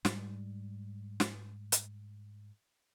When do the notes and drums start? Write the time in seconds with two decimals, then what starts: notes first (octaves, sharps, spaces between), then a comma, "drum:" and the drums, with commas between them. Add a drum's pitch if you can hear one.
0.05 G#2 G3, drum: snare
1.20 drum: snare
1.72 drum: hi-hat